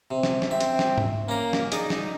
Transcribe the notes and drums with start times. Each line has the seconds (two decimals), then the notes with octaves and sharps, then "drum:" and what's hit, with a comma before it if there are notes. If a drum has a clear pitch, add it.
0.11 C3
0.23 drum: snare
0.42 drum: snare
0.51 C4 E5
0.60 drum: hi-hat
0.79 drum: snare
0.98 drum: tom G#2
1.29 A#3 C#4 A#5
1.53 drum: snare
1.72 D#4 G#4 D5, drum: hi-hat
1.90 drum: snare